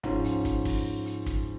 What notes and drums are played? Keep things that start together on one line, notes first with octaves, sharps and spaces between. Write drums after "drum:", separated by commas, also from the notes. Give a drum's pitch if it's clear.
G#2 F3 C#4 F4, drum: tom F#1
drum: hi-hat
drum: kick, hi-hat
drum: kick, open hi-hat
drum: hi-hat
drum: kick, hi-hat